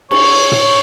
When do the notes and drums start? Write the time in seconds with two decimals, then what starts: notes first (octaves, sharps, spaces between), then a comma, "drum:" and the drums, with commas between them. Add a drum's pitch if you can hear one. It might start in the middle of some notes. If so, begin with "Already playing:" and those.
0.11 C#5, drum: cymbal
0.52 drum: tom